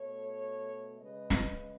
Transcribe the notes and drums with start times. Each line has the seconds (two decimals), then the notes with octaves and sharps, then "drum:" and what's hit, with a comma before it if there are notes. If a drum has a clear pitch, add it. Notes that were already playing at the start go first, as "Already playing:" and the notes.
Already playing: B2 A3 A4 C#5
0.98 C#3 G#3 B4 D#5
1.30 drum: snare